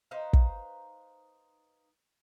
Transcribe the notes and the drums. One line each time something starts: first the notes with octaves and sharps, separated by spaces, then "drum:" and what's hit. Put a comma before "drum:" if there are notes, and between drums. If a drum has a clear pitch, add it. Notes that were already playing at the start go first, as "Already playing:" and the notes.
D#4 B4 C5 F5
drum: kick